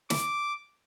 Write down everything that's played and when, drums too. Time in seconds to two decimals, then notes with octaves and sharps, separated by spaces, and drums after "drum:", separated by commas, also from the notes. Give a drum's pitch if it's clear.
0.10 D6, drum: snare